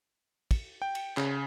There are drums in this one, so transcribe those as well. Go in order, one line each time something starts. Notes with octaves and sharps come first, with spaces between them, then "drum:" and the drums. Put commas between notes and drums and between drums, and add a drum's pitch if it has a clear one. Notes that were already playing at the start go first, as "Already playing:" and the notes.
drum: kick, cymbal
G5
drum: cymbal
C#3, drum: clap